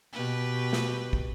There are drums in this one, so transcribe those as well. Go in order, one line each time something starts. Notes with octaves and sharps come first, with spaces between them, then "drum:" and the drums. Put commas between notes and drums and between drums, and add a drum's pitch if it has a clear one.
B2 G4 B4
drum: snare
drum: kick